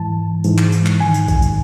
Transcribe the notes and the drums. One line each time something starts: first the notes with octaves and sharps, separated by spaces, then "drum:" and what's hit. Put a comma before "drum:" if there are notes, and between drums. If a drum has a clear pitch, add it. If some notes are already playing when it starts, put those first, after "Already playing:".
Already playing: G#2 E3 A5
G#2 E3, drum: tambourine
drum: clap
drum: tambourine
drum: clap
G#2 D#3 G#5
drum: tambourine
drum: kick A#1, tambourine
drum: tambourine